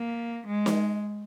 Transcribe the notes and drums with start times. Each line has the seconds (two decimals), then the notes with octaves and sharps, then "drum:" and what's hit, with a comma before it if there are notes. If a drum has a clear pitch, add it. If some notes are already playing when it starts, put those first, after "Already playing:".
Already playing: A#3
0.48 G#3
0.66 drum: snare